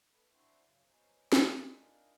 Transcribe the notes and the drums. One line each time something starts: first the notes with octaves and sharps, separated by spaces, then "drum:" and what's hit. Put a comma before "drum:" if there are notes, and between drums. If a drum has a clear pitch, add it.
A3 B4
C4 D4 E4 F#4 C5
F#2 C#3
F#3 B3 C#4 D#4 C5
drum: snare
D4 D#4 F4 G#4 A#4